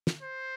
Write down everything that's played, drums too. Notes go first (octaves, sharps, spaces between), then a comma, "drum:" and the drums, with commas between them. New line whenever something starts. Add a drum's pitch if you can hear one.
drum: snare
C5